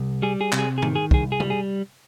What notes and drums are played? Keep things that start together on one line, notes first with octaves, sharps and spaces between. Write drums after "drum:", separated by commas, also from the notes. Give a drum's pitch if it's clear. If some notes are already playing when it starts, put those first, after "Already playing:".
Already playing: C2
G3 G#4
G#4
C3, drum: clap
G#4
G#4
D#3, drum: tom
G#4
C2 G#4, drum: kick
G#4
G3, drum: tom C3
G#4